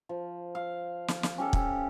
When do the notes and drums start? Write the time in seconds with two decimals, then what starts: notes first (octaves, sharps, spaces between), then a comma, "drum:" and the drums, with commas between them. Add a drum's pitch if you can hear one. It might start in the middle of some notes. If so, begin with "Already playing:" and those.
0.09 F3
0.55 F5
1.08 drum: snare
1.23 drum: snare
1.38 C#4 G4 A4
1.53 drum: kick